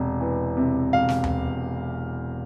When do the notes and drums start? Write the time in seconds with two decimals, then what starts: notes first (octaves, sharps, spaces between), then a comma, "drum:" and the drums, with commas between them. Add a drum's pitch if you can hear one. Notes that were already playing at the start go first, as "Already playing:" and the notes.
Already playing: E1 C3
0.20 E3
0.57 C3
0.93 E1 F5
1.09 drum: snare
1.24 drum: tom D#2